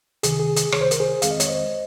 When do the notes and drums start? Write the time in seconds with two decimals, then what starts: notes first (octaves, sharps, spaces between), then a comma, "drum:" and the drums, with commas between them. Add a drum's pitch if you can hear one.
0.23 C#2 C3 D#3 G#4, drum: hi-hat
0.40 G#4
0.56 G#4, drum: hi-hat
0.72 C#2 C3 D#3 C#5, drum: rim click
0.81 C5
0.91 A#4, drum: hi-hat
0.99 G#4 C5
1.22 F2 D#3 G#3 C4 F5, drum: hi-hat
1.31 D#5
1.40 C#5, drum: hi-hat
1.49 C5 D#5